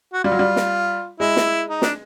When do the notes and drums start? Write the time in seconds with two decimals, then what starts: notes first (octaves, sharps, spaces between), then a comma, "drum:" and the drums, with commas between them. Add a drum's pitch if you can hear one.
0.13 F#4
0.24 G3 F4
0.32 F#3
0.39 G3
0.56 drum: snare
1.20 G#3 E4
1.36 drum: snare
1.69 D#4
1.82 D4, drum: snare